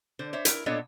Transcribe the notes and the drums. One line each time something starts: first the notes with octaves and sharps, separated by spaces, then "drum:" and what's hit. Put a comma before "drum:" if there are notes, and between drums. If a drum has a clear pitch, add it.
D3 C5
C5 C#5 E5
E4 A#4, drum: hi-hat
A#2 B3 D4 A4 C#5 D#5